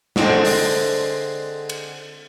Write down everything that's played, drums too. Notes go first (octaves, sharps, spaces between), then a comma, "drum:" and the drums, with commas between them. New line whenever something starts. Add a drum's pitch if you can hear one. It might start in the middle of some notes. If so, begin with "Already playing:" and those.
D3 G#3 C4, drum: snare
drum: open hi-hat
drum: cymbal